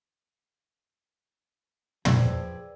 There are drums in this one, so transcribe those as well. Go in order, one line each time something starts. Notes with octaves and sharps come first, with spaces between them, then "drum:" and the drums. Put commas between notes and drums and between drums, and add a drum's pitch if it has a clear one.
F3 G#4 B4 D5 G5 E6 G#6, drum: tom